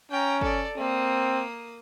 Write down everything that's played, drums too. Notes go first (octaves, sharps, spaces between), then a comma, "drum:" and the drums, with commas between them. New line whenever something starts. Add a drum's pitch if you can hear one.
C#4 G5 A#5
A4 D5, drum: kick
A#3 C4 D#6